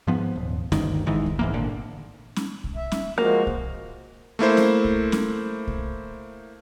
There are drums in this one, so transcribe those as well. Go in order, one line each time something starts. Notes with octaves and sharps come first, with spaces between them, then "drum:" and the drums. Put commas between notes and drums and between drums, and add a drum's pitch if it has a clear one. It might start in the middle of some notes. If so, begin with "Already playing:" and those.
G#2 F3 B3
D#1
G1 D2 G2 D#3, drum: snare C#4
G#1 G#2 D#3 E3
drum: kick B1
G#2 E3 A#3
G#1 A#2 D3
drum: snare C#4
drum: kick B1
E5
drum: snare C#4
F3 G#3 A#3 F#4
drum: kick B1
A3 A#3 E4 C5
drum: snare C#4
drum: kick B1
drum: snare C#4
drum: kick B1